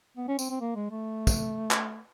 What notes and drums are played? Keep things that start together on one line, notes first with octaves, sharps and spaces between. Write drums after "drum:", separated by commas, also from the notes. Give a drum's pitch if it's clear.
B3
C#4
C4, drum: tambourine
C4
A#3
G#3
A3
drum: kick, tambourine
drum: clap